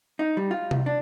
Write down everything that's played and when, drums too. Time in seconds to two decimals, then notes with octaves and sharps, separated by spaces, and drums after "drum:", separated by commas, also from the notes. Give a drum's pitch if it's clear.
0.19 D#4
0.37 G3
0.51 F4
0.71 C2, drum: tom C3
0.86 D4